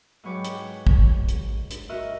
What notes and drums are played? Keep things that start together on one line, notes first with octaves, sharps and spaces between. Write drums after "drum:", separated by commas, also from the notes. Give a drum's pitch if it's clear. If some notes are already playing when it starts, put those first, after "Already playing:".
G#2 F#3 B4 C#5 G5 D6
drum: hi-hat
drum: kick
drum: hi-hat
drum: hi-hat
F#4 A#4 D#5 E5 F#6